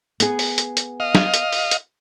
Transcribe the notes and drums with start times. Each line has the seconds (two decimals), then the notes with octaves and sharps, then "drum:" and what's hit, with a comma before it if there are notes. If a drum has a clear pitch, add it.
0.20 B3 G#4, drum: hi-hat
0.39 drum: open hi-hat
0.58 drum: hi-hat
0.77 drum: hi-hat
1.00 D#5 F5
1.15 drum: snare
1.34 drum: hi-hat
1.52 drum: open hi-hat
1.71 drum: hi-hat